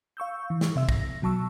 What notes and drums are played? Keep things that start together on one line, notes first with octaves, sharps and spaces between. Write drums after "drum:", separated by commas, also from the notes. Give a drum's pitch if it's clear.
F5 C#6 E6 G6
E3
drum: snare
C3 E5 E6
A#6, drum: kick
B2 F#3 A5 C#6 E6